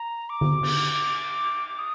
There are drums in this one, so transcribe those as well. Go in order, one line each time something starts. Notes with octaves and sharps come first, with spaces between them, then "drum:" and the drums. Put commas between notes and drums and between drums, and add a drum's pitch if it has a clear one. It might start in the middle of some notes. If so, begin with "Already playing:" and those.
Already playing: A#5
D6
drum: tom D3
drum: cymbal
D#6